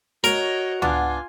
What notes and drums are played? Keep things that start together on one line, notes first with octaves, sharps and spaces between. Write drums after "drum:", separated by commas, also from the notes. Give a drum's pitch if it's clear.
F#4 A#4 C#5 D#5, drum: hi-hat
B3 D4 F4 F#5 G#5, drum: tom C#2